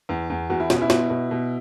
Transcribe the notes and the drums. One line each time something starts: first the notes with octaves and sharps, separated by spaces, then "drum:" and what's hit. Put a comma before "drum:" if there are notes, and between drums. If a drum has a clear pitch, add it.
E2
E2
E2 F#4
E4
B2 C#4, drum: snare
E4
B2, drum: snare
B2
B2